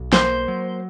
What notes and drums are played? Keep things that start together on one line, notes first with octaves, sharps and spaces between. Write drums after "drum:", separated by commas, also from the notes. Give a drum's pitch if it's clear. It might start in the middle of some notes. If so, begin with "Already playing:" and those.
Already playing: B1
A#3 C5, drum: snare
F#3